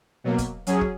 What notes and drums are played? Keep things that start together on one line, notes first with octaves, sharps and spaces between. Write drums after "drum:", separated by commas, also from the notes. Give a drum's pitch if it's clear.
B2 F#3 A#3
drum: kick, hi-hat
F#3 C#4 G#4, drum: hi-hat
drum: kick